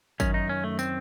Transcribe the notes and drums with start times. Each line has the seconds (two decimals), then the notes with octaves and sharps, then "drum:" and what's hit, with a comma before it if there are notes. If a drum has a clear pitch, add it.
0.20 F#2 D#3 C#4, drum: kick G#1, tambourine
0.34 D#4
0.49 C#4
0.64 A3
0.79 C4, drum: tambourine